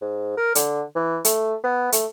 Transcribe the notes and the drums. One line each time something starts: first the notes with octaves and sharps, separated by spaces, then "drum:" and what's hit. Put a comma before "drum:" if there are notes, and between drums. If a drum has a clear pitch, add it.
G#2
A#4
D3, drum: hi-hat
E3
A3, drum: hi-hat
B3
A3, drum: hi-hat